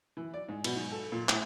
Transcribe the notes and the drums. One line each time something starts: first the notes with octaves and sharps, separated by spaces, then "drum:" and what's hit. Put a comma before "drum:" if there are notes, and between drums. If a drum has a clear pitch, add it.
E3
D5
G#2
B2, drum: cymbal
G#2
A4
A#2
A2, drum: clap